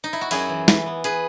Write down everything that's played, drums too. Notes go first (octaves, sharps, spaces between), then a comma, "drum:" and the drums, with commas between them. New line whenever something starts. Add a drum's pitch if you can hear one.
D#4
E4
F#4
F#2 E4 G#4, drum: open hi-hat
E3
E3, drum: snare
B3
G#4 B4, drum: hi-hat